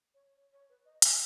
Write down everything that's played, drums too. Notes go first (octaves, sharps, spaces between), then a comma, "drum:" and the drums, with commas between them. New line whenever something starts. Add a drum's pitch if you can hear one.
C#5
C#5
C#5
B4
D#5
E5, drum: hi-hat